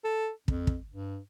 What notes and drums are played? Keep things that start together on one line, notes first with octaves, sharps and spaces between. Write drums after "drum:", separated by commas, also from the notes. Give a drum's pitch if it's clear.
A4
F2, drum: kick
drum: kick
G2